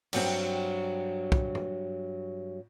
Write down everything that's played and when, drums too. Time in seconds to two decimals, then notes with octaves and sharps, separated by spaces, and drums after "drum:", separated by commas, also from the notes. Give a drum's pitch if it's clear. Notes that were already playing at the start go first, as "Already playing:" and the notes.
0.13 G2 F#3 C4, drum: cymbal
1.32 drum: kick
1.55 drum: tom